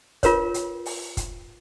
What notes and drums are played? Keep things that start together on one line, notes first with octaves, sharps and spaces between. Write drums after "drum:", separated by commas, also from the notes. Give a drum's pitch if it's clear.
F4 A#4 B4 C#5, drum: kick, hi-hat
drum: hi-hat
drum: open hi-hat
drum: kick, hi-hat